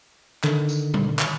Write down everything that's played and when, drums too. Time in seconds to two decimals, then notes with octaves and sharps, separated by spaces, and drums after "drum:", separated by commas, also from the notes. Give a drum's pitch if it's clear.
0.44 D3 D#3, drum: clap
0.69 drum: tambourine
0.94 drum: tom
1.19 drum: clap